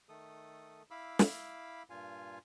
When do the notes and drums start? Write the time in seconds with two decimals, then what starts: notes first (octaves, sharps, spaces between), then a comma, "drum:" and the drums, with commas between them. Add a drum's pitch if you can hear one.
0.09 D#3 A3 A4 D#6
0.91 E4 F5 B5 D6 E6
1.19 drum: snare
1.90 G2 A#2 F4 F5 G#5